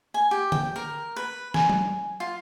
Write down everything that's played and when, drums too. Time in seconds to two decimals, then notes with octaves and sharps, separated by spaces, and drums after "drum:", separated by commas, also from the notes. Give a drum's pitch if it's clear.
0.14 G#5
0.31 G4
0.52 G5, drum: tom
0.76 A#4
1.16 B4
1.54 G#5, drum: snare
1.70 drum: tom F#3
2.20 F4